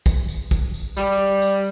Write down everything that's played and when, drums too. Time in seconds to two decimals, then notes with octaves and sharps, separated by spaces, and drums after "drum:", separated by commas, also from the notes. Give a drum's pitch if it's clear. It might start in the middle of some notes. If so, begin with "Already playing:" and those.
0.06 drum: kick, tambourine
0.29 drum: tambourine
0.51 drum: kick, tambourine
0.74 drum: tambourine
0.97 G3, drum: tambourine
1.42 drum: tambourine